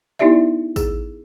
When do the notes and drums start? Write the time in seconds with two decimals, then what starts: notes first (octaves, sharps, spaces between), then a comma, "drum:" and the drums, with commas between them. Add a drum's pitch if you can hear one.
0.19 B3 D#4 E4 G4 D5 E5
0.76 G#4, drum: kick, tambourine